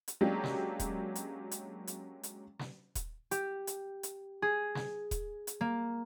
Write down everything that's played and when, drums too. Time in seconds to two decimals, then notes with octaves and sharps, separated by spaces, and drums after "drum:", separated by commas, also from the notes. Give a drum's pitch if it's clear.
0.08 drum: hi-hat
0.21 F#3 G#3 A#3 C#4 D4 G4
0.44 drum: snare
0.80 drum: kick D#1, hi-hat
1.15 drum: hi-hat
1.51 drum: hi-hat
1.87 drum: hi-hat
2.23 drum: hi-hat
2.59 drum: snare
2.95 drum: kick D#1, hi-hat
3.31 G4, drum: hi-hat
3.67 drum: hi-hat
4.03 drum: hi-hat
4.42 G#4
4.75 drum: snare
5.11 drum: kick D#1, hi-hat
5.47 drum: hi-hat
5.61 A#3